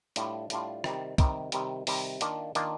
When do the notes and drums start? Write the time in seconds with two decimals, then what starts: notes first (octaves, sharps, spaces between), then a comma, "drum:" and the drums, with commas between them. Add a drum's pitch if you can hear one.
0.16 A2 G3 D4 F4, drum: hi-hat
0.50 A2 G3 D4 F4, drum: hi-hat
0.84 C3 D#3 G3, drum: rim click
1.18 C3 D#3 G3, drum: kick C2, hi-hat
1.52 C3 D#3 G3, drum: hi-hat
1.87 C3 D#3 G3, drum: open hi-hat
2.21 D#3 A#3 D4 F4, drum: hi-hat
2.55 D#3 A#3 D4 F4, drum: hi-hat